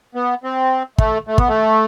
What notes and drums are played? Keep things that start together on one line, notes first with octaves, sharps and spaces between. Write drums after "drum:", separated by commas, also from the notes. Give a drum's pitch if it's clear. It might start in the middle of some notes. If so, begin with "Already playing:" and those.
B3
C4
A3, drum: kick
A3
B3, drum: kick
A3